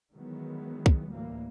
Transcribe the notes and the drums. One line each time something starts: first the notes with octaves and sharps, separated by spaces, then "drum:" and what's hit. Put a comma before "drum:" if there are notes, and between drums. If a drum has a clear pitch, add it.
D#3 E3 F#3 G#3 B3
drum: kick
D2 A2 E3 G3 A#3